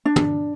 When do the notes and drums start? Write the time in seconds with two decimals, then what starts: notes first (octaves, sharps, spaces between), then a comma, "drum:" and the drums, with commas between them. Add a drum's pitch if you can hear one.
0.05 D4
0.16 drum: tom